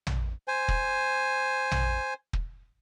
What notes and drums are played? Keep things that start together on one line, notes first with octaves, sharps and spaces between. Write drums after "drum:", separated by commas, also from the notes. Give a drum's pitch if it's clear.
drum: tom
C5 G#5
drum: kick
drum: tom
drum: kick